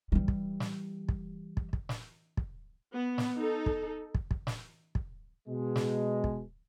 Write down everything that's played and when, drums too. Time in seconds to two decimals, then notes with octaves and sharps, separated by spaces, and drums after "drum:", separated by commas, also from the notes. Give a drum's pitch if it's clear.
0.12 E3 G3
0.28 drum: kick
0.60 drum: snare
1.09 drum: kick
1.57 drum: kick
1.73 drum: kick
1.89 drum: snare
2.37 drum: kick
2.93 B3
3.18 drum: snare
3.38 D#4 A4
3.66 drum: kick
4.15 drum: kick
4.31 drum: kick
4.47 drum: snare
4.95 drum: kick
5.49 B2 G#3
5.76 drum: snare
6.24 drum: kick